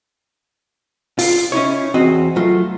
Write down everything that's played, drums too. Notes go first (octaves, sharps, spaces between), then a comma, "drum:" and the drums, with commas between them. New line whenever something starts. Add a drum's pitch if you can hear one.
F4, drum: open hi-hat
C#4 D#4 E4 C#5
E2 C4 F#4 D#5
F#3 A3 F4